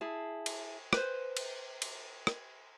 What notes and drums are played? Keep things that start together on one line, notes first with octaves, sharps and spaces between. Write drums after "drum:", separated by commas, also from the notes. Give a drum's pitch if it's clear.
E4 G#4 A5
drum: cymbal
B4 C5, drum: rim click
drum: cymbal
drum: cymbal
drum: rim click